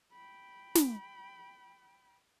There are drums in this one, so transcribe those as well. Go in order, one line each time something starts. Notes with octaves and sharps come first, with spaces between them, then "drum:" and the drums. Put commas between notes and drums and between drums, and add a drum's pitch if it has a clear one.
G5 B5
drum: snare